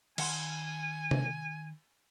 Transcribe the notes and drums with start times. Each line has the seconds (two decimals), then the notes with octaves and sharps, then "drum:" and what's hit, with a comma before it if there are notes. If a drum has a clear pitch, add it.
0.18 D#3 F#5 G#5 C6, drum: cymbal
1.11 drum: tom C3